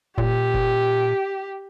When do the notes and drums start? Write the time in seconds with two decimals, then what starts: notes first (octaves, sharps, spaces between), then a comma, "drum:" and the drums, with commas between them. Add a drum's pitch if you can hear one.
0.18 A#2 G4, drum: kick F1
0.54 drum: kick F1